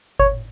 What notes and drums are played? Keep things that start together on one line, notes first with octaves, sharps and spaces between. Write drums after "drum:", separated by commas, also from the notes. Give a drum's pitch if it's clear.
C#5, drum: kick G1